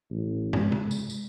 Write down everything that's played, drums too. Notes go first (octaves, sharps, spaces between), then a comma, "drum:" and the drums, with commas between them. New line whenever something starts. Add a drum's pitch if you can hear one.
A1
G#3, drum: tom
drum: tom C3
drum: tambourine
drum: tambourine